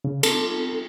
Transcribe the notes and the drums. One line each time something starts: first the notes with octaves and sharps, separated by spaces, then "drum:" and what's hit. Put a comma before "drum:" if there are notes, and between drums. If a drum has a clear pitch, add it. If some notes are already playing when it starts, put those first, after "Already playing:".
C#3
A4, drum: cymbal